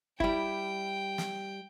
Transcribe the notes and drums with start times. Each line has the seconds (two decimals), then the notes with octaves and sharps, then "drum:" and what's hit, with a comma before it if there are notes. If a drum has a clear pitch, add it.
0.20 G3 E4 G5, drum: kick
1.18 drum: snare